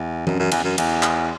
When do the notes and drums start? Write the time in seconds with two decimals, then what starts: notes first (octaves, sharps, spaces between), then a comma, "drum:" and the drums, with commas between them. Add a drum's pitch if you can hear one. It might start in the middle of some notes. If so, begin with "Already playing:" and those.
Already playing: E2
0.27 F#2, drum: tom E3
0.39 F#2
0.52 E2, drum: cymbal
0.64 F#2
0.78 E2, drum: cymbal
1.03 drum: clap